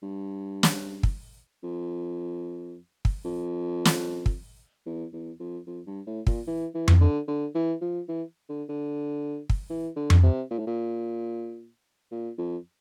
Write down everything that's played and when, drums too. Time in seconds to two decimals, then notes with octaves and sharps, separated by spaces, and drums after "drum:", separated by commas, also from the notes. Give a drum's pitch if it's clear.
0.03 G2
0.63 drum: snare
1.03 drum: kick
1.63 F2
3.05 drum: kick
3.25 F2
3.85 drum: snare
4.26 drum: kick
4.86 E2
5.13 E2
5.40 F2
5.67 F2
5.87 G2
6.07 A2
6.27 A#2, drum: kick
6.47 E3
6.74 E3
6.88 drum: tom F2
7.01 D3
7.28 D3
7.55 E3
7.82 F3
8.08 E3
8.49 D3
8.69 D3
9.50 drum: kick
9.70 E3
9.96 D3
10.10 drum: tom F2
10.23 C3
10.51 A#2
10.59 A2
10.67 A#2
12.11 A#2
12.38 F2